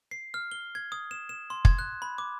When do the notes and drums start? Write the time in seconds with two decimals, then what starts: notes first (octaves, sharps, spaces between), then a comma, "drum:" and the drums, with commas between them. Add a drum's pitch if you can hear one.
0.11 C7
0.34 F6
0.51 G7
0.75 G#6
0.92 D#6
1.11 E7
1.29 E7
1.50 C6
1.65 G#6, drum: kick
1.79 F#6
2.02 B5
2.18 D6